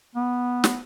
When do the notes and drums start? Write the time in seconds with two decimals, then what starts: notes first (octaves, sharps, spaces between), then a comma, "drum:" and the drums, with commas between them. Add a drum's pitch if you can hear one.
0.15 B3
0.64 drum: snare